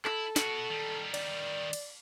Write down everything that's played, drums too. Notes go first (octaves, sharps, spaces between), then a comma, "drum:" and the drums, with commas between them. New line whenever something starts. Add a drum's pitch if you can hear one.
E4 A4, drum: clap
B2 F#4, drum: snare
D#3 G3
D5, drum: cymbal
drum: cymbal